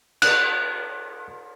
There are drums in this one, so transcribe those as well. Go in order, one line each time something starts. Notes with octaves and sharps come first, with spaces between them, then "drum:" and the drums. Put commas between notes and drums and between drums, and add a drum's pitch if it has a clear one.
F#6, drum: cymbal